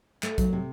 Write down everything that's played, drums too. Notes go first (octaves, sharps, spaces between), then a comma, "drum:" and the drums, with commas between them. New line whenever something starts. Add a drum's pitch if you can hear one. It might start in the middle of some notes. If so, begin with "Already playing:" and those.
A3, drum: clap
F#3, drum: kick A#1, hi-hat
C3